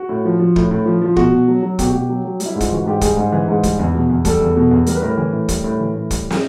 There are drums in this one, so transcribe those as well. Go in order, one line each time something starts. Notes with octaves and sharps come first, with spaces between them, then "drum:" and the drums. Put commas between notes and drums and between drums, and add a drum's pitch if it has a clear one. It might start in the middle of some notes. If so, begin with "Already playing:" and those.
Already playing: F#4
A2
F3
F3
A2, drum: kick
A2
F3
F3 F4
B2 F#4, drum: kick
B2
F#3
F#3
B2 G4, drum: kick, hi-hat
F#4
B2 G4
F#3
F#3
G3, drum: hi-hat
E4
G#2
F4, drum: kick, hi-hat
E3 F#4
G#2 G4
G3 G#4, drum: kick, hi-hat
G#2
E3
G#2
G3, drum: kick, hi-hat
E2
B2
E2
G3 A4, drum: kick, hi-hat
E2
B2
E2
G3 A#4, drum: hi-hat
B4
A2 A#4
E3
A2
G3, drum: kick, hi-hat
A2
E3
A2
G3, drum: kick, hi-hat
drum: snare